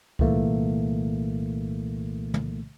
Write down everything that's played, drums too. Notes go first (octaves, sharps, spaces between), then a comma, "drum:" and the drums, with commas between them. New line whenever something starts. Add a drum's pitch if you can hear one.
C2 A#2 E3 A3 A#3, drum: kick C#2
drum: tom